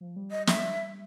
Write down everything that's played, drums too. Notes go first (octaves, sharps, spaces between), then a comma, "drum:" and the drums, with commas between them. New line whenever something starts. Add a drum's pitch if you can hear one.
F3
G3
D#5
E5, drum: snare